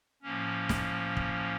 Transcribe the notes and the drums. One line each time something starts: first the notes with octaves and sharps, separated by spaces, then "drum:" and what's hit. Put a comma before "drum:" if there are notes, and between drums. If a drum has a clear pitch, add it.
A2 F3 A#3 C#4
drum: snare
drum: kick